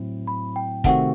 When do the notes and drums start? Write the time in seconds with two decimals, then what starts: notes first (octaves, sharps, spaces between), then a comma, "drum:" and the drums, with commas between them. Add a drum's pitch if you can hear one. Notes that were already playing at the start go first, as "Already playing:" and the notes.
Already playing: A2 F#3 C4 E4
0.27 B5
0.56 G5
0.84 C3 D#3 A3 C4 F#4 F#5, drum: kick, hi-hat